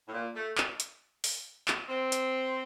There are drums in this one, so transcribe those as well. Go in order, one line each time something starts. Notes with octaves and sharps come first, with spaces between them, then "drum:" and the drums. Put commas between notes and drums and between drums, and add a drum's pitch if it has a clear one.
A2
A#2
A3
drum: clap
drum: hi-hat
drum: open hi-hat
drum: clap
C4
drum: hi-hat